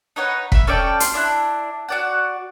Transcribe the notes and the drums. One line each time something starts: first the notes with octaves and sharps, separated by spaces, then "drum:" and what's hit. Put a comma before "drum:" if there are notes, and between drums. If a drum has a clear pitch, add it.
D#4 B4 C#5 F#5
E5 B5, drum: kick
C#4 A4 D5 G5
C6, drum: hi-hat
D4 E4 F#6
F#4 D5 F#5